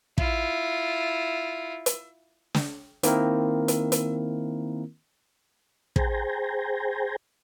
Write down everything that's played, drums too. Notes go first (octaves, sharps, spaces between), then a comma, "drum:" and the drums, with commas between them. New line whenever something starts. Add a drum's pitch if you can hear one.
E4 F4, drum: kick
drum: hi-hat
drum: snare
D#3 A#3 C4 E4 A#4, drum: hi-hat
drum: hi-hat
drum: hi-hat
G#4 C5 G5 G#5 A#5, drum: kick